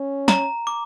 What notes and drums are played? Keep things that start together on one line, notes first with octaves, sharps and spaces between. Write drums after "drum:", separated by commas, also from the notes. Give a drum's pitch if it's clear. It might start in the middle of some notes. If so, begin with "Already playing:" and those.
Already playing: C#4
A#5, drum: snare
D6